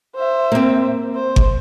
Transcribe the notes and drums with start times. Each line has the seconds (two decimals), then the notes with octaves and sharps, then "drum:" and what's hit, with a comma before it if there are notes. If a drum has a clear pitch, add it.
0.15 C5 E5
0.52 A#3 C4
1.15 C5
1.36 drum: kick G1